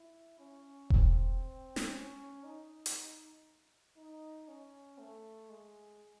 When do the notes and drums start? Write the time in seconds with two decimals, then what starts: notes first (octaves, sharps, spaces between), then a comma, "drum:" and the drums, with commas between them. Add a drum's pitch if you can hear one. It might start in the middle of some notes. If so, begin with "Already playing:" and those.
Already playing: E4
0.39 C#4
0.90 C4, drum: kick E1
1.76 drum: snare
1.92 C#4
2.44 D#4
2.86 drum: hi-hat
3.97 D#4
4.48 C#4
4.98 A3
5.50 G#3